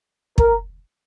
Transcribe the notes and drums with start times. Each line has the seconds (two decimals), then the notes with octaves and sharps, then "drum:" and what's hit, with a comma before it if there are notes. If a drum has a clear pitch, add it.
0.38 A#4, drum: kick